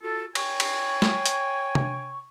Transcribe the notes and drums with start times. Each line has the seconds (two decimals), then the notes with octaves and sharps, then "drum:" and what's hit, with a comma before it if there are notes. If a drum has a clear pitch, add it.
0.03 F4 F#4 A4
0.35 C#5 G5 G#5 C#6, drum: cymbal
0.60 drum: cymbal
1.02 drum: snare
1.26 drum: hi-hat
1.75 drum: tom C3